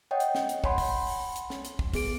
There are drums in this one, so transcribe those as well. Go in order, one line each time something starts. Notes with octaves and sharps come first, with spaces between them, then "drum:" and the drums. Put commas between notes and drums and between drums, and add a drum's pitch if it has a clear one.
C#5 D#5 F#5 G5
drum: hi-hat
drum: snare
drum: hi-hat
C#5 F#5 G#5 B5 C6, drum: kick
drum: kick, open hi-hat
drum: open hi-hat
drum: hi-hat
drum: snare
drum: hi-hat
drum: kick
B3 G#4 D7, drum: kick, open hi-hat